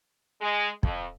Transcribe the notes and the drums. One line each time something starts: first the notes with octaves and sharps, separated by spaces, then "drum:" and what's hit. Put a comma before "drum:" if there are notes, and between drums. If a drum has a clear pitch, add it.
G#3
F2, drum: kick